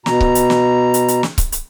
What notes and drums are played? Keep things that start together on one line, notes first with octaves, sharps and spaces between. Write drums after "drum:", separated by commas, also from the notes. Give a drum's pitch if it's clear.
B2 A#5, drum: snare
drum: kick C#1
drum: hi-hat
drum: snare
drum: hi-hat
drum: hi-hat
drum: snare
drum: kick C#1, hi-hat
drum: hi-hat